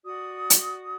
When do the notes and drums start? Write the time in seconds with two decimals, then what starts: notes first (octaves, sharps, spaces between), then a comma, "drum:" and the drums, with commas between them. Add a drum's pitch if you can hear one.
0.05 F#4 D5 D#6
0.50 drum: hi-hat